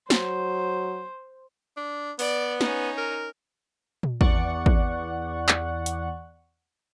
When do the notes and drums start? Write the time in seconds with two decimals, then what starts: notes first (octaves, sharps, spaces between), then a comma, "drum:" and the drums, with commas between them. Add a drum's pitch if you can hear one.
0.10 F#3 C5, drum: snare
1.77 D4
2.19 B3 D5, drum: open hi-hat
2.61 C#4 D#4, drum: snare
2.98 A#4
4.03 drum: tom A#2
4.21 E2 D5 F#5 C#6, drum: kick
4.66 drum: kick
5.49 drum: clap
5.86 drum: hi-hat